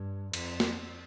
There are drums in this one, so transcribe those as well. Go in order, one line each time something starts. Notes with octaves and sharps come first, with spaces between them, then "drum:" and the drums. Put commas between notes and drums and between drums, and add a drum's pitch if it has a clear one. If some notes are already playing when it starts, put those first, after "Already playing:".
Already playing: G2
F2, drum: cymbal
drum: snare